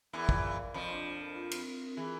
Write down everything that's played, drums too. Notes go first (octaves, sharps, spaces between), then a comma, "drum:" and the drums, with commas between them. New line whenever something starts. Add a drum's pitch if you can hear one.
E2 E3 A#4
F4, drum: kick
F5
D5
F2 F3 F4
D4
D4
A#4
F4
C4, drum: cymbal
C4
A#4
E3 G#4